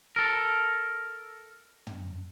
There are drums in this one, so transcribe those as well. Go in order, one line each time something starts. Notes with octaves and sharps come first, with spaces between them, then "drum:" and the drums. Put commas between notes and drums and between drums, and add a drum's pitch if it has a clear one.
A4 A#4
drum: tom